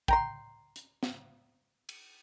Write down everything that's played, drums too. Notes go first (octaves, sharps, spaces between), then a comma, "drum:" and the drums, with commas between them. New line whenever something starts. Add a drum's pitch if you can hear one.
G5 A#5 C6, drum: kick
drum: hi-hat
drum: snare
drum: cymbal